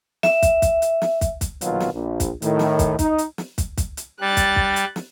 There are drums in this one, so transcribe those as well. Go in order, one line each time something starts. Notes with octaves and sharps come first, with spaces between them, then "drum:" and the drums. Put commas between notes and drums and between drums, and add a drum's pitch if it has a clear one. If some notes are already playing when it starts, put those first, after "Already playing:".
E5, drum: snare
drum: kick, hi-hat
drum: kick, hi-hat
drum: hi-hat
drum: snare
drum: kick, hi-hat
drum: kick, hi-hat
A#1 B2 D#3 F#3 F4, drum: hi-hat
drum: snare
A#1
drum: kick, hi-hat
A2 D#3, drum: hi-hat
drum: snare
drum: kick, hi-hat
D#4, drum: kick, hi-hat
drum: hi-hat
drum: snare
drum: kick, hi-hat
drum: kick, hi-hat
drum: hi-hat
G3 F#6 A6
drum: kick, hi-hat
drum: kick
drum: hi-hat
drum: snare